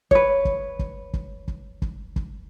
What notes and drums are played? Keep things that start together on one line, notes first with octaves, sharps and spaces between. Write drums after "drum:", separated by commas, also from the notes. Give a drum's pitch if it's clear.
B4 C#5, drum: kick
drum: kick
drum: kick
drum: kick
drum: kick
drum: kick
drum: kick